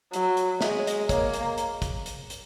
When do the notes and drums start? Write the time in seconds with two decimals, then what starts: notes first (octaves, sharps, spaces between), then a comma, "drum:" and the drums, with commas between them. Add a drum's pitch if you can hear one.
0.13 F#3, drum: hi-hat
0.37 drum: hi-hat
0.61 G#3 E5, drum: snare
0.70 D#5
0.80 C#5
0.87 D#5, drum: hi-hat
1.09 A#3 C#5, drum: kick, hi-hat
1.33 drum: hi-hat
1.58 drum: hi-hat
1.82 drum: kick, hi-hat
2.06 drum: hi-hat
2.30 drum: hi-hat